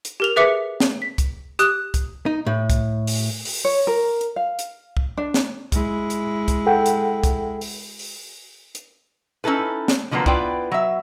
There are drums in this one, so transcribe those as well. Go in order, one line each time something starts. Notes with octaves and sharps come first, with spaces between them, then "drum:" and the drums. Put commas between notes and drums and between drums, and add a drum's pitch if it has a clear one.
drum: hi-hat
G4 A#4 F7
G#4 B4 E5 D6 B6 C#7
drum: snare
B6
drum: kick C2, hi-hat
G4 D#6 F#6, drum: hi-hat
drum: kick C2, hi-hat
D#4
A2
drum: kick C2, hi-hat
drum: open hi-hat
drum: open hi-hat
C#5
A#4
drum: hi-hat
F5
drum: hi-hat
drum: kick C2
D4
drum: snare
G#3 E4, drum: kick C2, hi-hat
drum: hi-hat
drum: kick C2, hi-hat
A4 F#5 G5
drum: hi-hat
drum: kick C2, hi-hat
drum: open hi-hat
drum: open hi-hat
drum: hi-hat
C#4 D#4 E4 A4 B4
drum: snare
D3 F3 F#3 A#3 B3
B3 E4 F4 B4 D5 G5, drum: kick C2
F#3 E5